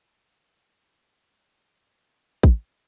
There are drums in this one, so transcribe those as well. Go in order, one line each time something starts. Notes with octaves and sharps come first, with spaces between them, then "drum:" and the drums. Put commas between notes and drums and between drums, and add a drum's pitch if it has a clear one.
D#4 E5 F5 G5 A#5 C#6
D#4 G4 F5 G5
B4 D5
A4 A#4 D5 D#5 F#5
G#4 E6
drum: kick